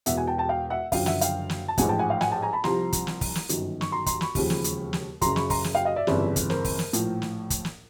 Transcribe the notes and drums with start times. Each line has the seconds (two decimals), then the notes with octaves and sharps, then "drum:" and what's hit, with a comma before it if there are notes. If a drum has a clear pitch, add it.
0.06 E1 E2 B2 E5 F#5, drum: hi-hat
0.17 F#5 G#5
0.27 G5 A5
0.38 G5 A5
0.49 F5 G5
0.70 E5 F#5
0.92 F#1 F#2 D3 F3 F5 G5, drum: kick, open hi-hat
1.06 E5 F#5, drum: snare
1.21 F5 G5, drum: hi-hat
1.49 drum: snare
1.68 A5
1.78 A1 G#2 F3 F#5 G#5, drum: kick, hi-hat
1.89 G5 A5
1.99 F#5 G#5
2.10 F5 G5
2.21 F#5 G#5, drum: snare
2.32 G5 A5
2.42 G#5 A#5
2.53 A5 B5
2.64 C2 C3 F3 A#5 C6, drum: snare
2.93 drum: kick, hi-hat
3.07 drum: snare
3.21 drum: kick, open hi-hat
3.35 drum: snare
3.49 G1 F#2 D#3, drum: hi-hat
3.81 C#6, drum: snare
3.92 A#5 C6
4.06 A#5 C6, drum: kick, hi-hat
4.21 B5 C#6, drum: snare
4.35 E1 D#2 C#3 F3, drum: kick, open hi-hat
4.50 drum: snare
4.64 drum: hi-hat
4.93 drum: snare
5.21 F#1 F#2 C#3 A#5 C6, drum: kick, hi-hat
5.36 B5 C#6, drum: snare
5.50 A#5 C6, drum: kick, open hi-hat
5.64 drum: snare
5.75 F5 G5
5.85 D#5 F5
5.96 D5 E5
6.07 G1 F2 C#3 E3, drum: snare
6.36 drum: kick, hi-hat
6.50 A#4 C5, drum: snare
6.64 drum: kick, open hi-hat
6.79 drum: snare
6.93 A#1 A2 F3, drum: hi-hat
7.22 drum: snare
7.50 drum: kick, hi-hat
7.65 drum: snare